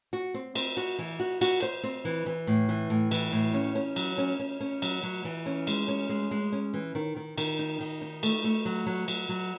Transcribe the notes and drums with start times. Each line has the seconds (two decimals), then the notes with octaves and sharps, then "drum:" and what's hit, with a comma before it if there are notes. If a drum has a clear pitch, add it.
0.13 F#4
0.34 C4
0.55 C4, drum: cymbal
0.77 F#4
0.99 E3
1.20 F#4
1.41 F#4, drum: cymbal
1.62 C5
1.83 C4
2.05 E3
2.26 E3
2.47 A2
2.69 E3
2.90 A2
3.11 E3, drum: cymbal
3.32 A2
3.54 C#4
3.75 C#4
3.96 F#3, drum: cymbal
4.18 C#4
4.40 C#4
4.60 C#4
4.82 F#3, drum: cymbal
5.03 F#3
5.25 E3
5.46 C#4
5.67 G#3, drum: cymbal
5.88 C#4
6.09 G#3
6.31 G#3
6.52 C#4
6.74 E3
6.95 D#3
7.16 D#3
7.38 D#3, drum: cymbal
7.59 D#4
7.80 D#3
8.01 D#4
8.23 A3, drum: cymbal
8.44 A3
8.65 F#3
8.86 F#3
9.08 F#3, drum: cymbal
9.29 F#3